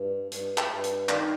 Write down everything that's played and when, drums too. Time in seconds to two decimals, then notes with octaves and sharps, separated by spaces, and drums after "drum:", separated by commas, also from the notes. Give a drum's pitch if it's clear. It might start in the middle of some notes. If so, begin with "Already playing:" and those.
Already playing: G2
0.32 G2, drum: hi-hat
0.58 drum: clap
0.71 G2
0.84 drum: hi-hat
1.09 D#3 D5 F5, drum: clap